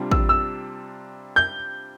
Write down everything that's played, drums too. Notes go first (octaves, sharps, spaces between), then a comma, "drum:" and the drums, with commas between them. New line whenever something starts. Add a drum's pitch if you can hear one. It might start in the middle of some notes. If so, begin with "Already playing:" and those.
Already playing: C3 G3 D4 F4
E6, drum: kick A1
E6
G6